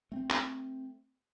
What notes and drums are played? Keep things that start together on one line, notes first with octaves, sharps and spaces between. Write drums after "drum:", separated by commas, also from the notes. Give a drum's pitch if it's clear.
A3 C4
drum: clap